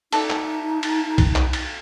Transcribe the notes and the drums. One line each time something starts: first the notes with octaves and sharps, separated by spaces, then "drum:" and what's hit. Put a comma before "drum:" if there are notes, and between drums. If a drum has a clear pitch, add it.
D#4 A4 D5 E5, drum: cymbal
drum: clap
drum: cymbal
drum: kick, cymbal
drum: clap
drum: cymbal